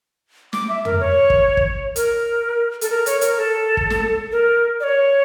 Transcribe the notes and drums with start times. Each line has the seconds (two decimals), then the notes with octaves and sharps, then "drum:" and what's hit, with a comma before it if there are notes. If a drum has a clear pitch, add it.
0.53 D6, drum: snare
0.69 E5
0.85 A#4, drum: tom F2
1.00 C#5
1.30 drum: kick
1.57 drum: kick
1.96 A#4, drum: hi-hat
2.81 A4, drum: hi-hat
2.90 A#4
3.06 C#5, drum: hi-hat
3.21 A#4, drum: hi-hat
3.37 A4
3.77 drum: kick
3.90 drum: snare
4.32 A#4
4.80 D5
4.84 C#5